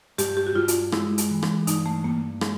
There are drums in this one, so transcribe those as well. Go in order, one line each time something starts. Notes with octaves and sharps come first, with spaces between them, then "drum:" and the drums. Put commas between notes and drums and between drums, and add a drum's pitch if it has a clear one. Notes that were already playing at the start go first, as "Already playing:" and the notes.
G2 G4, drum: hi-hat
G4
F#4
G2 F4
drum: hi-hat
G#3 E4, drum: rim click
drum: hi-hat
E3
drum: rim click
G2 D#4, drum: hi-hat
A3
G2 A#3
G#3, drum: rim click